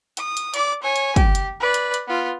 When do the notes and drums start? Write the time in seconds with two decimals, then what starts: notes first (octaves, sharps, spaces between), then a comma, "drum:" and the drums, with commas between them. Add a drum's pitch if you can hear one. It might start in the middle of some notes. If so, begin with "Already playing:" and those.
0.17 D#6, drum: hi-hat
0.37 drum: hi-hat
0.54 D5 D6, drum: hi-hat
0.83 C#5 G#5
0.96 drum: hi-hat
1.16 G4, drum: kick, hi-hat
1.35 drum: hi-hat
1.60 B4 D5
1.74 drum: hi-hat
1.94 drum: hi-hat
2.08 B3 F4